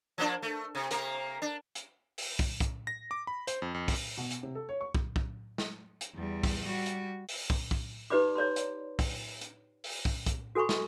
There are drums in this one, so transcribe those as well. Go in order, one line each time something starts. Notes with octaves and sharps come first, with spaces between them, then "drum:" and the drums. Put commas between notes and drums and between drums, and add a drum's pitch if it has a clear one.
F3 A#3 D4
A3
C3
C3 A#3 A#4, drum: hi-hat
D4
drum: hi-hat
drum: open hi-hat
drum: kick
drum: kick, hi-hat
A#6
D6
B5
C5, drum: hi-hat
F2
F2
drum: kick, open hi-hat
B2
drum: hi-hat
C3
A4
C#5
C#6
drum: kick
drum: kick
drum: snare
drum: hi-hat
E2 G3
drum: kick, open hi-hat
G3 F#4
drum: hi-hat
drum: open hi-hat
drum: kick
drum: kick
D#4 G4 B4 D5 B5 D6
C#5 D5 A#5 C6
drum: hi-hat
drum: kick, open hi-hat
drum: hi-hat
drum: open hi-hat
drum: kick
drum: kick, hi-hat
F#4 A4 G#5 B5 C#6
drum: snare